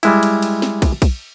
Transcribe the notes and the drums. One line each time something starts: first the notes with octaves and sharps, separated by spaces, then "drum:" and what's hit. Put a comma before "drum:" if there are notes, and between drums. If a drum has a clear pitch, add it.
G3 G#3 E4, drum: cymbal
drum: cymbal
drum: cymbal
drum: snare
drum: kick, cymbal
drum: kick, cymbal